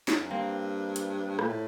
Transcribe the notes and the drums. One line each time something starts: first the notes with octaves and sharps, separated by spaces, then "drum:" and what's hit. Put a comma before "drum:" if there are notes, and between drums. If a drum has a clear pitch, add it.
drum: snare
F#2
G2 A#3 C4
drum: hi-hat
A#2, drum: rim click
A2